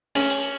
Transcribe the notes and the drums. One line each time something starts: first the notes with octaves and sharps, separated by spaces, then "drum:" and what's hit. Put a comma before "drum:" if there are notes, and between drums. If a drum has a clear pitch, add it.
C#4, drum: cymbal
drum: hi-hat